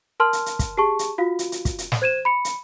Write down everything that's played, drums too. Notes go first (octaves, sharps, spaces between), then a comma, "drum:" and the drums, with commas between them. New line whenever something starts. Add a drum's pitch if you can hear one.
A#4 A5 C6 F6
drum: hi-hat
drum: hi-hat
drum: kick, hi-hat
G4 G#4 A5 C#6
drum: hi-hat
F4 F#4 F5
drum: hi-hat
drum: hi-hat
drum: kick, hi-hat
drum: hi-hat
drum: snare
C5 G#6 D#7 E7
B5 C#7
drum: hi-hat